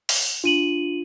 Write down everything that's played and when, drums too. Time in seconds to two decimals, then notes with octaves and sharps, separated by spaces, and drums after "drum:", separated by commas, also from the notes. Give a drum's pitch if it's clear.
0.09 drum: open hi-hat
0.44 D4 F4 D#7 F#7